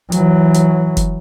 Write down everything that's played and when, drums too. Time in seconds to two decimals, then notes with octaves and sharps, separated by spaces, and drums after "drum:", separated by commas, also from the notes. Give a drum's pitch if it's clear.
0.12 E3 F#3, drum: hi-hat
0.54 drum: hi-hat
0.97 drum: kick F1, hi-hat